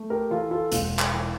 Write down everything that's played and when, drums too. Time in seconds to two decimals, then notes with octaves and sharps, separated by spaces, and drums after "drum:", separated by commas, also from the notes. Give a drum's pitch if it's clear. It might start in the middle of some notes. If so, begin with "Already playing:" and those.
Already playing: A3
0.10 G4 A#4
0.31 E3 F4 A4
0.51 F4 A4
0.72 E1 F4, drum: hi-hat
0.99 drum: clap
1.12 E3